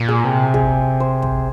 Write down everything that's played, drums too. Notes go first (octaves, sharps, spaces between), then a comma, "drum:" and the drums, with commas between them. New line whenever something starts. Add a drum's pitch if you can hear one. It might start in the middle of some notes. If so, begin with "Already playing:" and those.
Already playing: A#2
G#4
C3
G#4, drum: kick
C5
drum: kick